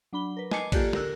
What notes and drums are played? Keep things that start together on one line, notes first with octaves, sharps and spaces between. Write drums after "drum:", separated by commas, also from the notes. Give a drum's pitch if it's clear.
F#3 D4 B5 G7
A#4 B4
D#5 G#5 A5 D6 C7 C#7, drum: snare
A#3 F4 G4 A4 D5 F#6, drum: kick, cymbal
D3 A#4 E6 F#6, drum: snare